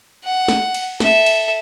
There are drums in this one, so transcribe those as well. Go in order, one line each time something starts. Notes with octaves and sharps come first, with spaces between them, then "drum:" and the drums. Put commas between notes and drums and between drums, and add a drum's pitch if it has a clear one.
F#5
drum: snare
drum: cymbal
A4 E5, drum: snare
drum: cymbal